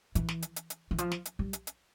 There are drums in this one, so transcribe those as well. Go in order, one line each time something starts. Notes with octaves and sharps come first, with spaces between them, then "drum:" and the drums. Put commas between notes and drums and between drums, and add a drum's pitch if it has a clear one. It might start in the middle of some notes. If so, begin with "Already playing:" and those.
E3, drum: hi-hat
drum: snare
drum: hi-hat
drum: hi-hat
drum: hi-hat
E3
F3, drum: hi-hat
drum: snare
drum: hi-hat
G3
drum: hi-hat
drum: hi-hat